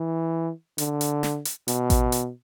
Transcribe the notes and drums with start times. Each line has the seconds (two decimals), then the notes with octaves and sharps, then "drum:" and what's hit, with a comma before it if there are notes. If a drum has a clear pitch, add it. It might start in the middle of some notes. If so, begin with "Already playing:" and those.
Already playing: E3
0.78 D3, drum: hi-hat
1.01 drum: hi-hat
1.23 drum: snare
1.45 drum: hi-hat
1.68 B2, drum: hi-hat
1.90 drum: kick A1, hi-hat
2.12 drum: hi-hat